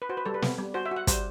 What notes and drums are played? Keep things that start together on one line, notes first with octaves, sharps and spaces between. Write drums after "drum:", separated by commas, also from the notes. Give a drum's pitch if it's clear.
B4
F#4 C5
B4
G3 A4
B4
B3, drum: snare
G3
F#4 C5
E5
F#4 F#5
G3 C5, drum: kick, hi-hat